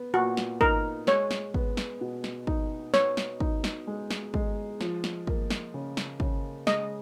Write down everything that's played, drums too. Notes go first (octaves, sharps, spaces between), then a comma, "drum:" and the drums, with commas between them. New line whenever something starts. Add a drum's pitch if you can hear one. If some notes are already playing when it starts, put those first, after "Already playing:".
Already playing: B3
A#2 F#4
drum: snare
D#4 A#4, drum: kick
G#3 C#5, drum: snare
drum: snare
B3, drum: kick
drum: snare
B2
drum: snare
D#4, drum: kick
B3 C#5, drum: snare
drum: snare
D#4, drum: kick
drum: snare
G#3
drum: snare
G#3, drum: kick
F3, drum: snare
drum: snare
A#3, drum: kick
drum: snare
C#3
drum: snare
C#3, drum: kick
G#3 D#5, drum: snare